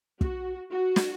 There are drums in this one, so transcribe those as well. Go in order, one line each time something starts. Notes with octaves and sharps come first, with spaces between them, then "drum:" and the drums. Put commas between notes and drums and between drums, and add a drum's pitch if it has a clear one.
F#4, drum: kick
F#4
drum: snare